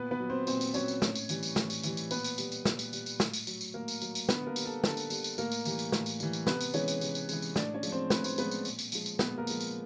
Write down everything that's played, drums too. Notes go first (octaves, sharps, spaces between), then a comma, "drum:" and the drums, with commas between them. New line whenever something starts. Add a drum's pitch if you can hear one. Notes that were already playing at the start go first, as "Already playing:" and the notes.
Already playing: A#2 B3 B4
B3 B4
F#3
C4 C5
A#2 C4 C5, drum: tambourine
drum: tambourine
F#3 C#4 C#5, drum: tambourine
drum: tambourine
A2, drum: snare
drum: tambourine
E3 G3, drum: tambourine
drum: tambourine
A2, drum: snare
drum: tambourine
E3 G3, drum: tambourine
drum: tambourine
A#2 B3 B4, drum: tambourine
drum: tambourine
G3, drum: tambourine
drum: tambourine
A#2, drum: snare
drum: tambourine
G3, drum: tambourine
drum: tambourine
A2, drum: snare
drum: tambourine
F#3, drum: tambourine
drum: tambourine
A2 A#3 A#4
drum: tambourine
F#3, drum: tambourine
drum: tambourine
D3 B3 B4, drum: snare
A#3 A#4
G3, drum: tambourine
A4
D3 A4, drum: snare
drum: tambourine
G3, drum: tambourine
drum: tambourine
A2 A#3 A#4, drum: tambourine
drum: tambourine
E3 G3, drum: tambourine
drum: tambourine
A2, drum: snare
drum: tambourine
E3 G3, drum: tambourine
drum: tambourine
C3 B3 B4, drum: snare
drum: tambourine
E3 G#3 C#4 C#5, drum: tambourine
drum: tambourine
C3, drum: tambourine
drum: tambourine
E3 G#3, drum: tambourine
drum: tambourine
A2 D4 D5, drum: snare
C#4 C#5
F3 G#3, drum: tambourine
C4 C5
A2 B4, drum: snare
C5, drum: tambourine
F3 G#3 B3 B4, drum: tambourine
drum: tambourine
A#2, drum: tambourine
drum: tambourine
F3 G#3, drum: tambourine
drum: tambourine
A#2 B3 B4, drum: snare
A#3 A#4
F3 G#3, drum: tambourine
drum: tambourine